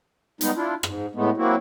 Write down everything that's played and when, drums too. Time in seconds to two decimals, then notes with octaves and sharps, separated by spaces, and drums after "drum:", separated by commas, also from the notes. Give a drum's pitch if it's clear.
0.41 G3 G#3 B3 D#4, drum: hi-hat
0.56 D4 E4 F4
0.83 G#2, drum: rim click
1.15 A2 G#3 A3 B3
1.37 F#3 A#3 C4 E4 F#4